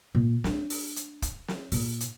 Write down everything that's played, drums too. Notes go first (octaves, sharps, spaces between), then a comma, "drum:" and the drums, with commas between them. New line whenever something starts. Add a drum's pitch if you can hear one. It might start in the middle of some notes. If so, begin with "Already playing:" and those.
A#2
A3 D4, drum: snare
drum: open hi-hat
drum: hi-hat
drum: kick, hi-hat
drum: snare
A#2, drum: open hi-hat
drum: hi-hat